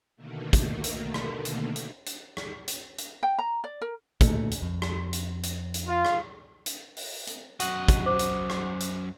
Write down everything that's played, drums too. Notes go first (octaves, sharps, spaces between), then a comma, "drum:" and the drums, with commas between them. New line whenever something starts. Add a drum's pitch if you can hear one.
B2 D3 D#3 A3 A#3
drum: kick, hi-hat
drum: hi-hat
drum: rim click
drum: hi-hat
drum: hi-hat
drum: hi-hat
drum: rim click
drum: hi-hat
drum: hi-hat
G5
A#5
D5
A#4
D2 A#2 A3, drum: kick, hi-hat
drum: hi-hat
F2
drum: rim click
drum: hi-hat
drum: hi-hat
drum: hi-hat
F4
drum: rim click
drum: hi-hat
drum: open hi-hat
drum: hi-hat
F#2 F#4 D#5 F#6, drum: hi-hat
drum: kick, hi-hat
C5 D6
drum: hi-hat
drum: rim click
drum: hi-hat